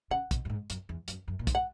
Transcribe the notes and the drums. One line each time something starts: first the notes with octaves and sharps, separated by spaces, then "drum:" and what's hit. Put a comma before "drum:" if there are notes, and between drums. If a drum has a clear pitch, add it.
C#3 F#5
B2, drum: kick, hi-hat
F#2
G#2
F#2, drum: hi-hat
E2
F#2, drum: hi-hat
F#2
A#2
G#2, drum: kick, hi-hat
F#5